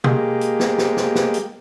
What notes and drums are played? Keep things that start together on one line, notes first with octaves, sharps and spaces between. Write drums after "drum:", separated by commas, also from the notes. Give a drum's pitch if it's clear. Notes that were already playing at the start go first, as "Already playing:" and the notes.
G#3 A#3 G4, drum: tom
drum: hi-hat
drum: snare
drum: snare
drum: snare
drum: snare
drum: hi-hat